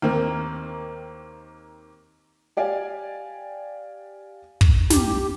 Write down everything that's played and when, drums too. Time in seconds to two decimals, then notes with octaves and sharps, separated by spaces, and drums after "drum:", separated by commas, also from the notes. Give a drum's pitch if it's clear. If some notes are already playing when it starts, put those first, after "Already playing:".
0.02 D#2 D#3 A#3 C4
2.57 G4 D5 F5 G#5
4.61 drum: kick
4.90 G4, drum: snare